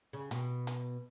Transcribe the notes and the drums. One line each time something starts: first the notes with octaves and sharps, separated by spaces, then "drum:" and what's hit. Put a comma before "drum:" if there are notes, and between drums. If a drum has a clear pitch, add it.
C#3
B2, drum: hi-hat
drum: hi-hat